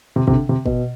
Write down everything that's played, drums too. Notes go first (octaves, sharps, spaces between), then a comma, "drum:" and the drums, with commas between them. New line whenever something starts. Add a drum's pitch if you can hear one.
C3
C3, drum: kick
D3
C3
B2, drum: kick